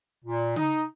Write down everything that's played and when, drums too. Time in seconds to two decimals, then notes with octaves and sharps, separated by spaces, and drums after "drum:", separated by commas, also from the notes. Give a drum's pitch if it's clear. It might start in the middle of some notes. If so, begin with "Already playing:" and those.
0.25 A#2
0.56 D#4, drum: tom C#3